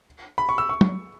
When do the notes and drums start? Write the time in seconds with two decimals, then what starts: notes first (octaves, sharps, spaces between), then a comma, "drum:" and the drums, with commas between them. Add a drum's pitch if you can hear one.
0.38 B5
0.49 C#6
0.58 E6
0.69 C#6
0.81 drum: tom